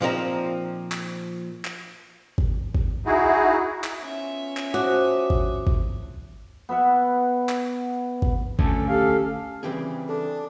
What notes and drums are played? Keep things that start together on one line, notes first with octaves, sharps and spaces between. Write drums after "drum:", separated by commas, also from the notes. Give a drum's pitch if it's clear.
A#2 F3 C4 D#4 A#4
drum: clap
drum: clap
drum: kick
drum: kick
D#4 E4 F#4 G#4
drum: clap
B3 C#4 E4 F4 E5
drum: clap
F3 F#4 C5 C#5 A5 D6 D#6
drum: kick
drum: kick
B3 B4 E5 F#5
drum: clap
drum: kick
D3 A3 C#4 A4, drum: kick
G4 A4 F5
C#3 E3 G3 C4 G4 G#4
D4 A4